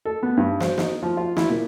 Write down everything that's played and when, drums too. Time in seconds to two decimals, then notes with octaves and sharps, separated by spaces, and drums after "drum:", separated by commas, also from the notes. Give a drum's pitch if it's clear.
0.05 A4
0.23 B3
0.37 G2
0.60 C5, drum: snare
0.78 D#4, drum: snare
1.02 F3
1.17 F4
1.37 E4, drum: snare
1.50 A#2